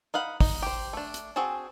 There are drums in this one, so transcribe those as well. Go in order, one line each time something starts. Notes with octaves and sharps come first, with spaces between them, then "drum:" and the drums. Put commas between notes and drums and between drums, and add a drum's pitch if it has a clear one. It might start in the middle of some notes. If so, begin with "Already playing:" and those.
D#4 F5 F#5 B5
D#4, drum: kick, open hi-hat
G4 C5
A3 D4
drum: hi-hat
C4 F#4 G#4 A5